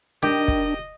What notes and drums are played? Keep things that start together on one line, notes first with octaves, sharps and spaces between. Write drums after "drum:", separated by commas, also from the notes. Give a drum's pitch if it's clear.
D#3 D4 G4 D#5
drum: kick